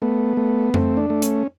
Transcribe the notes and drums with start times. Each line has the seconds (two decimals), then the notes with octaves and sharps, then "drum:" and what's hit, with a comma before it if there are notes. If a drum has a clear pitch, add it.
0.02 A3 B3
0.37 A3
0.74 A3 C4, drum: tom F2
0.97 D4
1.10 A3
1.22 C#4, drum: hi-hat